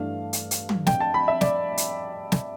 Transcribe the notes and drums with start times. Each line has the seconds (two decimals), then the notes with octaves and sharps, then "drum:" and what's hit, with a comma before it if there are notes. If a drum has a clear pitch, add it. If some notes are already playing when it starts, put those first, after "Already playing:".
Already playing: G2 E3 A3 D4 F5
0.33 drum: hi-hat
0.51 drum: hi-hat
0.69 drum: tom
0.87 G5, drum: snare
1.00 A5
1.14 B5
1.28 E5
1.41 D5, drum: snare
1.78 drum: hi-hat
2.32 drum: snare